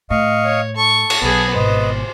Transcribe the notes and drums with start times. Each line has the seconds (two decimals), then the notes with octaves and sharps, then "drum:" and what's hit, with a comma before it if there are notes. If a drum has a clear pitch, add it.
0.10 A2 D#5 F5 C#6
0.44 C#5
0.76 A4 C#6
1.10 drum: cymbal
1.22 B1 B3 G#4
1.55 G#1 B2 B4 C5 D#5